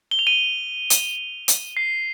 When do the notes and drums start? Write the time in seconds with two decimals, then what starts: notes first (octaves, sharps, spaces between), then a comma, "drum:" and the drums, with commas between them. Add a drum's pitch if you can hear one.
0.11 G7
0.19 F7
0.27 D#7 G7
0.90 drum: hi-hat
1.48 drum: hi-hat
1.77 C7